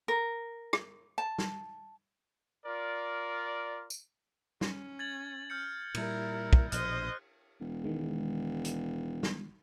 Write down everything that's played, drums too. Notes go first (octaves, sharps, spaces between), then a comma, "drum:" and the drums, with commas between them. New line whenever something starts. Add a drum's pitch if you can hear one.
A#4
drum: rim click
A5
drum: snare
F4 A#4 D5
drum: tambourine
C#4, drum: snare
G#6 A6 F#7
F6 G6 C#7
A#2 G3 E4 A#4, drum: cymbal
drum: kick
A#1 B2 C5 D#5 F6 F#6, drum: hi-hat
E1
D#3 G#3
drum: hi-hat
drum: snare